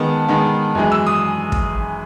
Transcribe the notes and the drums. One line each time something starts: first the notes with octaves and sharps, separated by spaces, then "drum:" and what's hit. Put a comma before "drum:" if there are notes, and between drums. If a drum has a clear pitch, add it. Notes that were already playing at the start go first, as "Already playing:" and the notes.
Already playing: D#3 G#3 B3 A5
D#3 G#3 B3
F#2 E3 G#3
E6
D#6
drum: kick